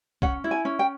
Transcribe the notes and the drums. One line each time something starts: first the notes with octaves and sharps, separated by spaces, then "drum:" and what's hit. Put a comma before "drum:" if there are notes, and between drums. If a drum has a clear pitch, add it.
C#4 F#5, drum: kick C2
E4
G#5
C#4
G5